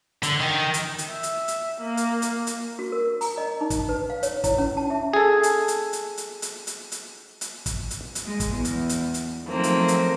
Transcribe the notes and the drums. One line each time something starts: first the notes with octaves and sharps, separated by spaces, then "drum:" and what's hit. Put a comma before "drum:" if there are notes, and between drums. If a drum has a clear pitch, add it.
D3, drum: hi-hat
D#3
drum: hi-hat
drum: hi-hat
E5
drum: hi-hat
drum: hi-hat
A#3
drum: hi-hat
drum: hi-hat
drum: hi-hat
F#4
A#4
A#5, drum: open hi-hat
D#5
D#4
drum: kick, hi-hat
B4
F5
C#5, drum: hi-hat
E4, drum: kick, hi-hat
C#4
A5
E5
G#4 A4
drum: hi-hat
drum: hi-hat
drum: hi-hat
drum: hi-hat
drum: hi-hat
drum: hi-hat
drum: hi-hat
drum: hi-hat
drum: kick, hi-hat
drum: hi-hat
drum: hi-hat
G#3
drum: kick, hi-hat
E2
drum: hi-hat
drum: hi-hat
drum: hi-hat
D#3 F3 F#3 A3 A#3 C4
drum: hi-hat
drum: hi-hat